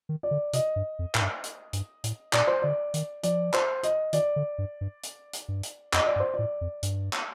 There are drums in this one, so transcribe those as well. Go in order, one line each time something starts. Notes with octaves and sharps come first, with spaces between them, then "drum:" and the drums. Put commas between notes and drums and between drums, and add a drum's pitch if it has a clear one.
D#3
D5
D3
C3 D#5, drum: hi-hat
G2
F2
A2, drum: clap
G2
drum: hi-hat
G2, drum: hi-hat
A2, drum: hi-hat
A#2 D5, drum: clap
C5
D3 D5
D#3, drum: hi-hat
F3 D5, drum: hi-hat
C5, drum: clap
D#5, drum: hi-hat
D#3 D5, drum: hi-hat
D3
G2
G2
drum: hi-hat
drum: hi-hat
G2
drum: hi-hat
F2 D#5, drum: clap
D5
G2
C5
A2 D5
F2
G2, drum: hi-hat
drum: clap